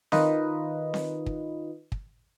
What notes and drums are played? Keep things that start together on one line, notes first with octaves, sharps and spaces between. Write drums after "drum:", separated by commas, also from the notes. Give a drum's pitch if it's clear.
D#3 D#4 F4 B4 D#5, drum: snare C4
drum: snare C4
drum: kick
drum: kick